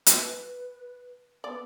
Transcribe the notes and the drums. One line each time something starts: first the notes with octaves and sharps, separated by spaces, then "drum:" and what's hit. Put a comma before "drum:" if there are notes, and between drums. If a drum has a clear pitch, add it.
B4, drum: hi-hat
B3 D5